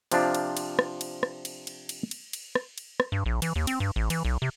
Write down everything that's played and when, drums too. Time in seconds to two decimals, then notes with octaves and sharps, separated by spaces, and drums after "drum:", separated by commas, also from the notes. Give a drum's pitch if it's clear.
0.12 C3 F3 D4 F4, drum: cymbal
0.34 drum: cymbal
0.57 drum: cymbal
0.79 drum: rim click
1.01 drum: cymbal
1.23 drum: rim click
1.45 drum: cymbal
1.67 drum: cymbal
1.89 drum: cymbal
2.11 drum: cymbal
2.33 drum: cymbal
2.55 drum: rim click
2.78 drum: cymbal
3.00 drum: rim click
3.12 G2
3.26 A#1
3.42 E3, drum: cymbal
3.56 D#2
3.67 C4, drum: cymbal
3.80 G2
3.96 A1
4.10 E3, drum: cymbal
4.25 B1
4.42 C3